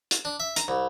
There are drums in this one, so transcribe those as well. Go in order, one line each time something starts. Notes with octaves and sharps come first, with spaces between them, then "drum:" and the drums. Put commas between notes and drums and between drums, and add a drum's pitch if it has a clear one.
drum: hi-hat
D4
E5
A#5, drum: hi-hat
C2